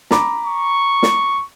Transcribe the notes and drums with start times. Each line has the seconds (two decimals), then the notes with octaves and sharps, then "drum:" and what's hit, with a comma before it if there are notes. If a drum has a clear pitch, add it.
0.11 A#5 B5 D6, drum: snare
0.46 C#6
1.03 drum: snare